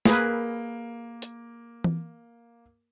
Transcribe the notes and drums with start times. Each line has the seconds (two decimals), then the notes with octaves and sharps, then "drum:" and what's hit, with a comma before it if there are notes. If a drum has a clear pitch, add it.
0.05 A#3 G#4 A#4 B4, drum: snare
1.22 drum: hi-hat
1.84 drum: tom E3